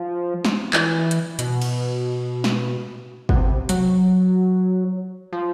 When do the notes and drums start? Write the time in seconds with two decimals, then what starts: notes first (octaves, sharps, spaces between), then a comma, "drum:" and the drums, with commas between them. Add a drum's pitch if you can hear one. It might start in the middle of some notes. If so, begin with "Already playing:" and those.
Already playing: F3
0.45 drum: snare
0.73 E3, drum: clap
1.11 drum: hi-hat
1.39 B2, drum: hi-hat
1.62 drum: cymbal
2.44 drum: snare
3.29 B2, drum: kick
3.35 C3
3.69 F#3, drum: hi-hat
5.33 F3